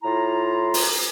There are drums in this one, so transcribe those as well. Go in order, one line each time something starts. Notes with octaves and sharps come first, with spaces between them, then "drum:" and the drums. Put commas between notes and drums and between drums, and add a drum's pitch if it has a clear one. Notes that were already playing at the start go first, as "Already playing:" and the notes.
A2 E4 F4 A#5
drum: open hi-hat